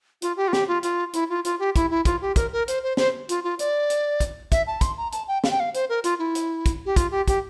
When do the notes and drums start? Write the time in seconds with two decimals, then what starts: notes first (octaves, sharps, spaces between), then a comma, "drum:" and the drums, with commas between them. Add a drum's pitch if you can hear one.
0.22 F4, drum: hi-hat
0.37 G4
0.48 F4
0.53 G4, drum: snare
0.68 F4
0.83 F4, drum: hi-hat
1.13 E4, drum: hi-hat
1.30 F4
1.45 F4, drum: hi-hat
1.59 G4
1.76 E4, drum: kick, hi-hat
1.91 E4
2.05 F4, drum: kick, hi-hat
2.22 G4
2.36 A#4, drum: kick, hi-hat
2.52 A#4
2.68 C5, drum: hi-hat
2.83 C5
2.97 C5, drum: snare
3.29 F4, drum: hi-hat
3.44 F4
3.59 D5, drum: hi-hat
3.90 drum: hi-hat
4.20 drum: kick, hi-hat
4.52 E5, drum: kick, hi-hat
4.67 A5
4.81 C6, drum: kick, hi-hat
4.97 A#5
5.12 A5, drum: hi-hat
5.28 G5
5.44 F5, drum: snare
5.51 G5
5.60 F5
5.74 C5, drum: hi-hat
5.89 A#4
6.04 F4, drum: hi-hat
6.19 E4
6.35 drum: hi-hat
6.66 drum: kick, hi-hat
6.86 G4
6.96 F4, drum: kick, hi-hat
7.11 G4
7.28 G4, drum: kick, hi-hat